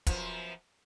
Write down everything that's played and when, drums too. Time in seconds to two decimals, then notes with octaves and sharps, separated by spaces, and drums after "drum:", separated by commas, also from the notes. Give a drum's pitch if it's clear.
0.07 F#2 F3 B3, drum: kick, hi-hat